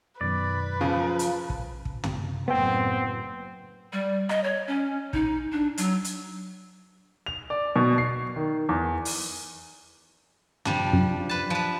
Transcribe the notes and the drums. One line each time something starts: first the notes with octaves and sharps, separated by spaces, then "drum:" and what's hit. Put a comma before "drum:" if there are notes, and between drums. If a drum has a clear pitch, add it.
F#2 B2 D#3 B4 D5
C#3 F3 F5 A5
drum: hi-hat
drum: kick
drum: kick
drum: tom
F#1 A2 B3 C4 G5
G3
D#5, drum: rim click
C#5
C#4
D#4, drum: kick
D4
F#3, drum: hi-hat
drum: hi-hat
F7
D5
B2
C7
D#3
E2
drum: open hi-hat
F3 G3 D4, drum: tom
F#2
B4 A5
F3 B4